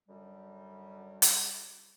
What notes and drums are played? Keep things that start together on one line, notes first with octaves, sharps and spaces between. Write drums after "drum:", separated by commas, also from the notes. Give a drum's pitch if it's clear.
F#2 D3 G3
drum: hi-hat